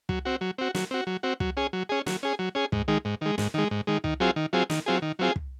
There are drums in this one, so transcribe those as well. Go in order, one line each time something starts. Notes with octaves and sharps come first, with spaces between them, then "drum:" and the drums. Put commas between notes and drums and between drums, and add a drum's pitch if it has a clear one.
F#3, drum: kick
C4 F#4
F#3
C4 F#4
F#3, drum: snare
C4 F#4
F#3
C4 F#4
F#3, drum: kick
C#4 G#4
F#3
C#4 G#4
F#3, drum: snare
C#4 G#4
F#3
C#4 G#4
G#2, drum: kick
D#3 G#3
G#2
D#3 G#3
G#2, drum: snare
D#3 G#3
G#2
D#3 G#3
D#3, drum: kick
F#3 C4 F4 G#4
D#3
F#3 C4 F4 G#4
D#3, drum: snare
F#3 C4 F4 G#4
D#3
F#3 C4 F4 G#4
drum: kick